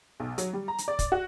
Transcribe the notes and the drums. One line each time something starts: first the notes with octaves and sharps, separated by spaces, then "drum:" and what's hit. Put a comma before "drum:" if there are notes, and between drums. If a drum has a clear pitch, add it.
B1
F#3, drum: hi-hat
G3
A#5
drum: hi-hat
D5
drum: kick, hi-hat
F#4